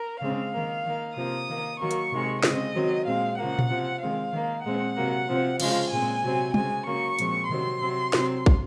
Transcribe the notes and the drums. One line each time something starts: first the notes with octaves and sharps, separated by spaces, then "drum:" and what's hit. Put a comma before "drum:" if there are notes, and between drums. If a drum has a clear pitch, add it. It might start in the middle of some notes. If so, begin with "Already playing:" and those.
Already playing: A#4
C#3 G#3 C4 F5
D#3 A#3
D#3 A#3
C3 F3 A#3 D#6
D#3 A#3
D#3 F#3 A#3 C#6
drum: hi-hat
C3 D#3 G#3
C#3 G#3 C4 D#5, drum: snare
D#3 F#3 C4
A#2 G#3 C4 F5
C#3 F3 A#3 F#5
drum: tom A#2
C3 F3 C4
D#3 G#3 C4 F5
D#3 A#3
A#2 G#3 C4 F#5
C3 F#3 A#3
C3 F3 C4
C#3 F3 G#3 F5, drum: cymbal
A#2 G#3 C4 G#5
C3 F#3 C4
C#3 G#3 C4 G#5, drum: tom
C#3 F#3 A#3 C#6
A#2 F3 G#3 C4, drum: hi-hat
C3 D#3 F#3 C4 C6
C3 F#3 C4
C3 F#3 C4, drum: snare
drum: kick